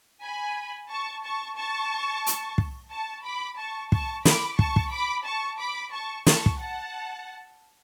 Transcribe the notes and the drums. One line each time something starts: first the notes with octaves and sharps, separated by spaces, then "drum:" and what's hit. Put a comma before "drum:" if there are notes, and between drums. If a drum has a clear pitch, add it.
G#5 B5
A5 C#6
A5 C#6
A5 C#6
drum: hi-hat
drum: kick
A5 C#6
B5 D6
A5 C#6
A5 C#6, drum: kick
B5 D6, drum: snare
A5 C#6, drum: kick
drum: kick
B5 D6
A5 C#6
B5 D6
A5 C#6
A5 C#6, drum: snare
drum: kick
F#5 A5